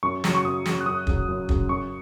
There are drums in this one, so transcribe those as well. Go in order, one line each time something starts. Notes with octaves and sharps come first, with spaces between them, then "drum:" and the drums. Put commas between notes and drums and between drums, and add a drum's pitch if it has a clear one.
F#2 C#6
C#3 F#3, drum: snare
C#6
F#2 D#6
C#3 F#3, drum: snare
F#6
F#2 D#6
C#3 F#3, drum: kick
F#2
C#3 F#3, drum: kick
F#2 C#6